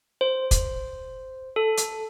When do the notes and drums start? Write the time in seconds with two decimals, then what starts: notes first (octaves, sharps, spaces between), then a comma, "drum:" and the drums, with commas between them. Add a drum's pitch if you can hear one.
0.21 C5
0.51 drum: kick, hi-hat
1.56 A4
1.77 drum: hi-hat